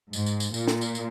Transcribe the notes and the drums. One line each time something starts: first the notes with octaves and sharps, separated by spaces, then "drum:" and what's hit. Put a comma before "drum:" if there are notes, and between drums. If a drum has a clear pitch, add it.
G#2, drum: tambourine
drum: tambourine
drum: tambourine
A#2, drum: tambourine
drum: snare
drum: tambourine
drum: tambourine